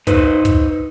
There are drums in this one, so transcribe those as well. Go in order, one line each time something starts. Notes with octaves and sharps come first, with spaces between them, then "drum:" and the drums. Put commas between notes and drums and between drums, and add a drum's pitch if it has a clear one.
D#4 B4 C5, drum: kick, hi-hat
drum: kick, hi-hat